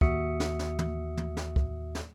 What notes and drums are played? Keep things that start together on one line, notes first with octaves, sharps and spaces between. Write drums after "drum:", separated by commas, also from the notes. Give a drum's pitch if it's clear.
D#2 F#4 E5 D#6 C#7, drum: kick
drum: snare
drum: snare
drum: tom
drum: tom
drum: snare
drum: kick
drum: snare